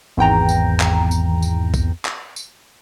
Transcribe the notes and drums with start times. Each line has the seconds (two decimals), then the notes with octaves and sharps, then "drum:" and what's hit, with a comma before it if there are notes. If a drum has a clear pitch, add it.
0.17 G#1 E2 G5 A#5
0.49 drum: tambourine
0.80 drum: clap
1.11 drum: tambourine
1.42 drum: tambourine
1.74 drum: kick, tambourine
2.05 drum: clap
2.36 drum: tambourine